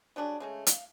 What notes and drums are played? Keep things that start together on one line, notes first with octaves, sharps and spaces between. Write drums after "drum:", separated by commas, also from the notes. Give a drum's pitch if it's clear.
F#3 G3 D4 G#4
C#3 G#3 A3
F5, drum: hi-hat